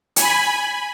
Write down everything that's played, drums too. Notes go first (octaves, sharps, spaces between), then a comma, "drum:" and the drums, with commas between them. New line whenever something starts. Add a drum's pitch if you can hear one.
G#5 B5, drum: hi-hat